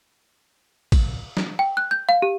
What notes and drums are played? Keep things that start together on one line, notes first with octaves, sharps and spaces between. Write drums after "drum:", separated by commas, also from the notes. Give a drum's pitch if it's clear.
drum: kick, cymbal
drum: snare
G5
F#6
G6
F5
G4